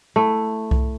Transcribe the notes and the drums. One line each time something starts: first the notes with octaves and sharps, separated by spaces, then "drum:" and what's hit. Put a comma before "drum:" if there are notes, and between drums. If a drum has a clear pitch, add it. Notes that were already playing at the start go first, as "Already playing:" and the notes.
A3 E4
drum: kick C2